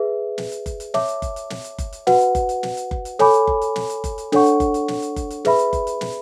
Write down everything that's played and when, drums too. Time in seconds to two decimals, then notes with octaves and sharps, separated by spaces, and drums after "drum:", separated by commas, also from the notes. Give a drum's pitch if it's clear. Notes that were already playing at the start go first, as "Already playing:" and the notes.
Already playing: G#4 B4 E5
0.38 drum: snare
0.52 drum: hi-hat
0.66 drum: kick F#1, hi-hat
0.80 drum: hi-hat
0.94 C#5 E5 A5 D6, drum: snare
1.08 drum: hi-hat
1.22 drum: kick F#1, hi-hat
1.36 drum: hi-hat
1.50 drum: snare
1.64 drum: hi-hat
1.78 drum: kick F#1, hi-hat
1.93 drum: hi-hat
2.07 F#4 B4 F#5, drum: snare
2.21 drum: hi-hat
2.35 drum: kick F#1, hi-hat
2.49 drum: hi-hat
2.63 drum: snare
2.77 drum: hi-hat
2.91 drum: kick F#1
3.05 drum: hi-hat
3.19 A4 C#5 G#5 B5 D6, drum: snare
3.33 drum: hi-hat
3.47 drum: kick F#1
3.62 drum: hi-hat
3.76 drum: snare
3.90 drum: hi-hat
4.04 drum: kick F#1, hi-hat
4.18 drum: hi-hat
4.32 D4 A4 C#5 F#5 C#6, drum: snare
4.46 drum: hi-hat
4.60 drum: kick F#1, hi-hat
4.74 drum: hi-hat
4.88 drum: snare
5.02 drum: hi-hat
5.16 drum: kick F#1, hi-hat
5.30 drum: hi-hat
5.45 G#4 B4 E5 B5, drum: snare
5.59 drum: hi-hat
5.73 drum: kick F#1, hi-hat
5.87 drum: hi-hat
6.01 drum: snare